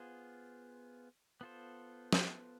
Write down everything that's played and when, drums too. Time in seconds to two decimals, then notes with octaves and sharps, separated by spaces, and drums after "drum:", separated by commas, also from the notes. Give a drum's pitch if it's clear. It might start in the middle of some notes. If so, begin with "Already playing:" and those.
Already playing: B3 F4 G#4 C5
1.41 B3 F4 A4 C5
2.13 drum: snare